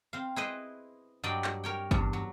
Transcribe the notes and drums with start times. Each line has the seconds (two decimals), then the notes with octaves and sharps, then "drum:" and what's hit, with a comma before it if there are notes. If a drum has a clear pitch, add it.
0.13 C4 F5
0.36 E4 G#4 B4 C5 D#5
1.24 G2 F#3 D5 D#5 G5
1.44 drum: clap
1.64 A#4 C#5 G5
1.91 E2 G2, drum: kick
2.13 F#3